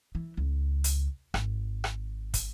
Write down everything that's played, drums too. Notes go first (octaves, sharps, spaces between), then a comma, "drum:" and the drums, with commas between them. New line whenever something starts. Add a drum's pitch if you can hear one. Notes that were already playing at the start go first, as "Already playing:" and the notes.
E3
C#2
drum: hi-hat
G#1, drum: rim click
drum: rim click
drum: kick, hi-hat